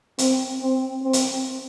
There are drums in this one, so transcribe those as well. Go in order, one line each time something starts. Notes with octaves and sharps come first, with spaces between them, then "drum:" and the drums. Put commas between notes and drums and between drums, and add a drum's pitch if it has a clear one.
C4, drum: hi-hat
C4
C4
drum: hi-hat